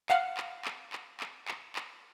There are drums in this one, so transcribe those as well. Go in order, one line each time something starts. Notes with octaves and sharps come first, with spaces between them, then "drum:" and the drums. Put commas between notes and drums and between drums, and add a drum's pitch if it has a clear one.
F5 F#5, drum: clap
drum: clap
drum: clap
drum: clap
drum: clap
drum: clap
drum: clap